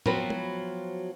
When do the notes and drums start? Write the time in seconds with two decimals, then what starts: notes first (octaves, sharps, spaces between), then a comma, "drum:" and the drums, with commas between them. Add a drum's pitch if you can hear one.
0.06 F3 F#3 B3 C4 F#4 B4, drum: tom
0.30 drum: tom